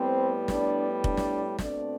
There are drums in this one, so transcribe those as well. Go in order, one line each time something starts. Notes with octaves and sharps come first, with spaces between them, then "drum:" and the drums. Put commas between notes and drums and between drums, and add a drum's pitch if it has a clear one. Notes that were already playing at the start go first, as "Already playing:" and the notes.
Already playing: A2 G3 B3 C4 C5
D4 D5, drum: snare
D4 D5, drum: kick F1
drum: snare
B2 A3 C4 D4 D5, drum: snare